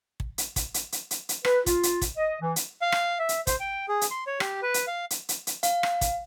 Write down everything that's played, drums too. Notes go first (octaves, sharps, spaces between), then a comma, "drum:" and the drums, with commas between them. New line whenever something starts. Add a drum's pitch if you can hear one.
drum: kick
drum: hi-hat
drum: kick, hi-hat
drum: hi-hat
drum: hi-hat
drum: hi-hat
drum: hi-hat
B4, drum: rim click
F4, drum: kick, hi-hat
drum: hi-hat
drum: kick, hi-hat
D#5
E3
drum: hi-hat
F5
drum: rim click
E5
drum: hi-hat
C5, drum: kick, hi-hat
G5
G#4
drum: hi-hat
C6
C#5
G4, drum: rim click
B4
drum: hi-hat
F5
drum: hi-hat
drum: hi-hat
drum: hi-hat
F5, drum: hi-hat
drum: rim click
drum: kick, hi-hat